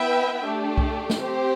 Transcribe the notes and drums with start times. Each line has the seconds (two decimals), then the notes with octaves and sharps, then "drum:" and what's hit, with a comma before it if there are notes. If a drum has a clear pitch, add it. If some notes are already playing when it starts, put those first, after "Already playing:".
Already playing: B3 E4 B4 E5 G5
0.45 A3 D4 G4
0.78 drum: kick C2
1.10 drum: snare
1.21 C4 G4 C5